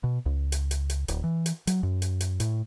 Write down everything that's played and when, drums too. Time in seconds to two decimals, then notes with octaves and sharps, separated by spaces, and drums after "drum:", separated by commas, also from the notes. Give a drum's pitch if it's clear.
0.04 B2
0.26 C#2
0.52 drum: hi-hat
0.71 drum: hi-hat
0.90 drum: hi-hat
1.08 D1, drum: hi-hat
1.24 E3
1.46 drum: hi-hat
1.67 F#3, drum: hi-hat
1.83 F#2
2.02 drum: hi-hat
2.20 drum: hi-hat
2.40 A2, drum: hi-hat